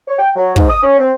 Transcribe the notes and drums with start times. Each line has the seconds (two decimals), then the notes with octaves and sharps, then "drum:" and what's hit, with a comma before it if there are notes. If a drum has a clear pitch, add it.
0.08 C#5
0.19 G5
0.36 F#3
0.56 G#2, drum: kick
0.69 D#6
0.82 C#4
0.99 C4